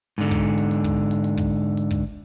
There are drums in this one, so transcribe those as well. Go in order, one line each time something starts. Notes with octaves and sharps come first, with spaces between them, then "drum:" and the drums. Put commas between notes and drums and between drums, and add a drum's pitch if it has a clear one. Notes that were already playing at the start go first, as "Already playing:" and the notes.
G#2 D3
drum: kick, hi-hat
drum: hi-hat
drum: hi-hat
drum: kick, hi-hat
drum: hi-hat
drum: hi-hat
drum: kick, hi-hat
drum: hi-hat
drum: kick, hi-hat